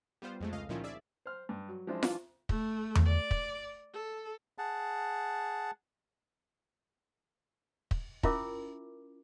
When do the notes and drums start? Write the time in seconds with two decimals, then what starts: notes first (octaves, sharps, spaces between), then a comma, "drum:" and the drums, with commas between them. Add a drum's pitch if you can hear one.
0.22 G3 B3 F4 C5
0.41 F2 G#3 A3
0.52 C#2 D#5 F5
0.69 A#2 D#3 F3 C#4 E4 F4
0.84 G#4 D5 E5
1.26 C5 F6
1.49 G2
1.68 F#3
1.87 F3 G#3 C4 D4 E4
2.03 E3 D4 F4, drum: snare F4
2.49 A3, drum: kick
2.95 drum: tom E2
3.05 D5
3.31 drum: kick
3.93 A4
4.58 G#4 F#5 A5
7.91 drum: kick
8.23 C#4 E4 F4 A#4 E5 D6, drum: kick